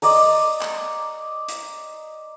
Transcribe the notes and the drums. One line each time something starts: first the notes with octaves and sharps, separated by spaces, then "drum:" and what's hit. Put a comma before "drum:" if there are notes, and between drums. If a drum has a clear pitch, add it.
D5 D#5 A#5, drum: open hi-hat
drum: clap
drum: hi-hat